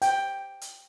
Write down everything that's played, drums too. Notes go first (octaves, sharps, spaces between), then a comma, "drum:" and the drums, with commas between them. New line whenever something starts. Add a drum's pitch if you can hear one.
G5, drum: hi-hat
drum: hi-hat